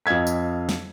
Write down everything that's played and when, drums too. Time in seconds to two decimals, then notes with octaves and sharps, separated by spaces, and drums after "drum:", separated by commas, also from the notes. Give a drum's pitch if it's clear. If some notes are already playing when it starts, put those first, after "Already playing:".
0.06 F2 D#5 F5 G#6 B6
0.27 drum: tambourine
0.69 drum: snare